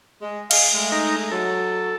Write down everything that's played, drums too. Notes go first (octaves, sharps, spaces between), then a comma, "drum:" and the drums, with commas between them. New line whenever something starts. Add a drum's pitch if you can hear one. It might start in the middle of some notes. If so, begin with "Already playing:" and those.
G#3
G#4 D#5 F5, drum: cymbal
G#3 A3
D#4 A#5
F#3 A4